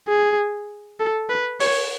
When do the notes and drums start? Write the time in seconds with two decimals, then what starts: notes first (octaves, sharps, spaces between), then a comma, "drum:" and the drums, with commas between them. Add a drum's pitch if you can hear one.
0.08 G#4
1.00 A4
1.30 B4
1.60 C#5, drum: open hi-hat